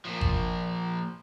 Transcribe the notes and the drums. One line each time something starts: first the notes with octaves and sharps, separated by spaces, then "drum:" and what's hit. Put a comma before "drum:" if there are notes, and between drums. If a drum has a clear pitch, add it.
A#2 F3
drum: kick G1